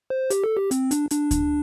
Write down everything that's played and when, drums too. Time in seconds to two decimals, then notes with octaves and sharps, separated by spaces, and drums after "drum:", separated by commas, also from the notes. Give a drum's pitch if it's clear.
0.10 C5
0.30 G4, drum: hi-hat
0.44 A4
0.57 G4
0.71 C4, drum: hi-hat
0.91 D4, drum: hi-hat
1.11 D4, drum: hi-hat
1.31 drum: kick D2, hi-hat